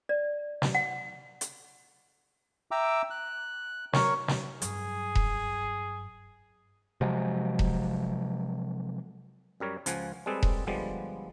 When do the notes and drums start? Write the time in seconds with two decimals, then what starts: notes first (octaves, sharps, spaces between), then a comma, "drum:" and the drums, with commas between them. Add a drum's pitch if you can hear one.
0.09 D5
0.62 drum: snare
0.75 F#5
1.41 drum: hi-hat
2.71 E5 G5 A#5 D6 E6
3.10 F#6
3.93 A#4 C#5 C#6, drum: snare
4.28 drum: snare
4.62 G2 F#3 G#4, drum: hi-hat
5.15 drum: kick E1
7.01 C3 F3 F#3 G#3
7.59 drum: kick E1
9.60 F#2 G3 A#4 C#5
9.86 C#2 F3 F#5 G#5, drum: hi-hat
10.26 G3 G#3 C4 G#4 A4 B4
10.43 drum: kick E1
10.67 D3 F3 G3 G#3 B3